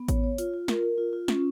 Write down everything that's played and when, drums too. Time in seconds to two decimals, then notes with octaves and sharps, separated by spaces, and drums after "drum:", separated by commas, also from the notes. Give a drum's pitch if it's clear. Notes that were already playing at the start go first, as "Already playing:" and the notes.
Already playing: B3
0.08 C#5, drum: kick A1, hi-hat
0.24 C#5
0.38 F4, drum: hi-hat
0.53 F4
0.68 A#4, drum: snare
0.83 A#4
0.98 F4
1.13 F4
1.28 C#4, drum: snare